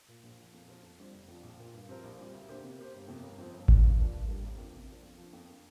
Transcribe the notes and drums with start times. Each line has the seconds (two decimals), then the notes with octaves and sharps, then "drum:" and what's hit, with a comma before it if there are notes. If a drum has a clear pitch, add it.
0.08 A#2 A#3
0.23 A#1
0.39 A#2 F3
0.54 F2
0.68 F3 A#3 F4 A#4
0.83 F2
0.98 D3 G3 C4 F4
1.13 F1
1.28 F2 D3 F3 D4
1.43 A#1
1.59 A#2 A#3 F4
1.73 G2
1.89 F3 C4 G4 A#4
2.04 A#1
2.18 A#2 G3 C4 G4
2.33 D2
2.49 D3 A#3 G4 C5
2.63 C3
2.79 A#3 G4 C5
2.93 G1
3.08 F2 C3 A#3
3.23 G1
3.38 F2 F3 C4
3.53 G1
3.68 F2 F3, drum: kick G#1
3.83 G2
3.99 F3 A#3 D4
4.14 G2
4.28 D3 G3 A#3 G4
4.43 F1
4.58 F2 D3 F3 A#3
4.73 C3
4.88 F3 D4 F4 A#4
5.03 F2
5.18 D3 F3
5.33 F2
5.48 D3 A#3